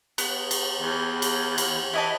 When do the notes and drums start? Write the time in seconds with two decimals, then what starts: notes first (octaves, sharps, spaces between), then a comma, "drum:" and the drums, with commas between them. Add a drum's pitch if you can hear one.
0.18 B3, drum: cymbal
0.51 drum: cymbal
0.80 E2
1.22 drum: cymbal
1.58 drum: cymbal
1.93 E3 E4 D#5 A5